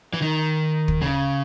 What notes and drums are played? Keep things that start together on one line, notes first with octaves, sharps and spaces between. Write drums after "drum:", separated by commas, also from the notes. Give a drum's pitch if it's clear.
E3
D#3
drum: kick
C#3